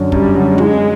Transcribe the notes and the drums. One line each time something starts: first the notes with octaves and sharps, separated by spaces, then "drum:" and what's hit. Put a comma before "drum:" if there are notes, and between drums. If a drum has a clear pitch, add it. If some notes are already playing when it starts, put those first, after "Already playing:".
Already playing: F#2 D3 F#3
F#2 G3, drum: kick
D3 F#3
F#3 G#3, drum: tom